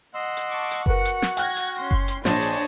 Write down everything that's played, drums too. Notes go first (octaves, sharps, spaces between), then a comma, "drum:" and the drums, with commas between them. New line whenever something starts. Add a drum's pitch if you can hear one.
D#5 F#5 C6 E6
drum: hi-hat
A5 C#6 D6
drum: hi-hat
F#4 A#4 B4 C#7, drum: kick F#1
drum: hi-hat
drum: snare
G5 F6 F#6 G#6 A#6, drum: hi-hat
drum: hi-hat
C#4 C6
drum: kick F#1
drum: hi-hat
A#1 D4 G#4 C5 C#5 D#5 A5, drum: snare
drum: hi-hat